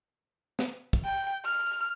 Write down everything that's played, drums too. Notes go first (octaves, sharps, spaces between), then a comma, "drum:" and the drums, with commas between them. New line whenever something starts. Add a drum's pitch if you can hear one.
drum: snare
drum: kick
G5
F6